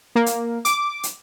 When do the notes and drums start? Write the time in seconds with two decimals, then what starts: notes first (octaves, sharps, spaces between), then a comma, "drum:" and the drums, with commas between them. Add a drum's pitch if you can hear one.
0.16 A#3
0.26 drum: hi-hat
0.65 D6, drum: hi-hat
1.03 drum: hi-hat